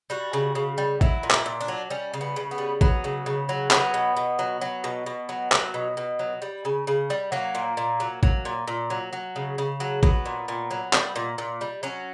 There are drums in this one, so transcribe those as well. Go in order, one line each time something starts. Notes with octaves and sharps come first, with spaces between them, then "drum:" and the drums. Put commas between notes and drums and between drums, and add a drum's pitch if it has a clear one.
G3 F#4
C#3
C#3
G3
F#3 E4, drum: kick A1
A#2
E4, drum: clap
A#2
D4
F#3
G3 C#4
C#3
B3
C#3
B3
G3
F#3 B3, drum: kick A1
C#3
C#3
F#3
F#3 B3, drum: clap
B2
B2
F#3
F#3
B2
B2
F#3
F#3, drum: clap
B2
B2
F#3
G3
C#3
C#3
G3
F#3 A#3
A#2
A#2
F#3
F#3, drum: kick A1
A#2
A#2
F#3
F#3
C#3
C#3
F#3
F#3 B3, drum: kick A1
A#2
A#2
F#3
G3, drum: clap
A#2
A#2
G3
F#3 C#4